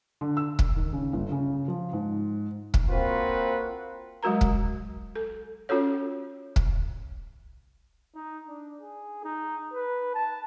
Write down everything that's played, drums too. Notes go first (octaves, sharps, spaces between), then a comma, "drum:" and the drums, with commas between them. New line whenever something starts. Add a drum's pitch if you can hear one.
D3
E6
drum: kick
D#3
C#3
G1
C#3
F3
G#2
drum: kick
A#3 C4 F4 F#4 B4
F#3 G#3 F#4 A#4 A#5
drum: kick
A4
C#4 F4 F#4 A4 C#5
drum: kick
D#4
D4
G#4
D#4
B4
A5